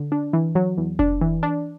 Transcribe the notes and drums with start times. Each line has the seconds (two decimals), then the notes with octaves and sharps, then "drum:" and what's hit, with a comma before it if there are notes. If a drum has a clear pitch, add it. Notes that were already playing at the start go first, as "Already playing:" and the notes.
Already playing: D3
0.12 D4
0.33 E3
0.55 F#3
0.78 E2
0.99 D4, drum: kick F1
1.21 E3
1.43 D4